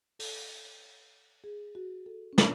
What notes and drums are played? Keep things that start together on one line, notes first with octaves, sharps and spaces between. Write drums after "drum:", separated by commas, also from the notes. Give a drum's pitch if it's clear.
A4, drum: open hi-hat
G#4
F#4
A4
C#4
D4, drum: snare